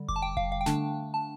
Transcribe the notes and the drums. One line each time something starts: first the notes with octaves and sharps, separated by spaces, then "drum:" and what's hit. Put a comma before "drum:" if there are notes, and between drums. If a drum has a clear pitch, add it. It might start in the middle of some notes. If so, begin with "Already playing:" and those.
Already playing: D3 G3
D6, drum: kick F1
A5
G5
F5, drum: kick F1
F5
G5
D3 A3 D4 A5, drum: snare
A5